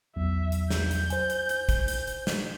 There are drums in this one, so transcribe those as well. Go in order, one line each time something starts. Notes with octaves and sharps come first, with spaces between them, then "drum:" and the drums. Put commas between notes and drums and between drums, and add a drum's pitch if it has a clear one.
A#1 E2 F#3 E5
drum: hi-hat
G6, drum: snare
drum: hi-hat
C5 G#5, drum: hi-hat
drum: hi-hat
drum: hi-hat
drum: kick, hi-hat
drum: hi-hat
drum: hi-hat
drum: snare